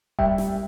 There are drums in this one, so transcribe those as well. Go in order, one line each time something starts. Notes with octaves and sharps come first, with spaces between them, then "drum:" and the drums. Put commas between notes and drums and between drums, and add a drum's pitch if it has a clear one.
G3 E5 G5, drum: kick E1
drum: snare